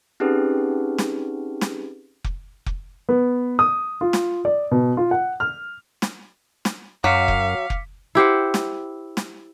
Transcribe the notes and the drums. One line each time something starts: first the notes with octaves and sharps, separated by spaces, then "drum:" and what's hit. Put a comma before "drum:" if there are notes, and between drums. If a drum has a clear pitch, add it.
C4 C#4 D#4 G4 G#4 B4
drum: snare
drum: snare
drum: kick F1
drum: kick F1
B3
D#6
F4
drum: snare
D5
B2
F4
F#5
F6
drum: snare
drum: snare
F#2 F#3 F5 D6 B6 C#7
drum: kick F1
drum: kick F1
E4 G4 C5 F#5
drum: snare
drum: snare